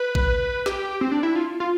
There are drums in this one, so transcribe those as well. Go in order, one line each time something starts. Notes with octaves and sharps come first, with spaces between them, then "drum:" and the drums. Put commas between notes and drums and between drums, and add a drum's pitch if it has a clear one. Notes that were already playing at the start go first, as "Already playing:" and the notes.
Already playing: B4
drum: kick A1
G4, drum: snare
C4
D4
E4
F4
F4